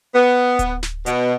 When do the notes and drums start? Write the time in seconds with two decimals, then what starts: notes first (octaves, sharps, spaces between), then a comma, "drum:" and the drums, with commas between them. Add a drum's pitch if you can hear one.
0.14 B3
0.59 drum: kick D1, hi-hat
0.83 drum: snare
1.06 B2, drum: hi-hat